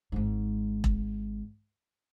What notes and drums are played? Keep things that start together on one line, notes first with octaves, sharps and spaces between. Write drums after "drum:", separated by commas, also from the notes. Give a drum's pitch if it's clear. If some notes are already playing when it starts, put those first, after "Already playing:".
G#1 G#2
drum: kick E1